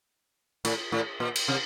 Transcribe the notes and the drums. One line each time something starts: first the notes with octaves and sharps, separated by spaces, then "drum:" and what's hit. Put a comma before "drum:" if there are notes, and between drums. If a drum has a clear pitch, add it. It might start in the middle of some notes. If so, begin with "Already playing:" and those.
A2, drum: cymbal
A2
A#2
drum: cymbal
C3